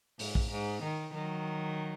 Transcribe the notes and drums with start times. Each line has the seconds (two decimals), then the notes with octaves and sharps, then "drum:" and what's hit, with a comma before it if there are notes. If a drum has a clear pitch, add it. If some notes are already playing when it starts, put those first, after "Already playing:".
0.19 G#2, drum: open hi-hat
0.35 drum: kick
0.51 G#2
0.83 D#3
1.14 D#3 F#3